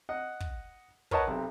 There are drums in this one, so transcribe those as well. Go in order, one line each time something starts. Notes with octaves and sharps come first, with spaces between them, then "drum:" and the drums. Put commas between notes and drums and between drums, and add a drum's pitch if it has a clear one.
D#5 F#5
drum: kick
A#4 B4 C#5 D#5 F#5 A5, drum: kick
B1 C3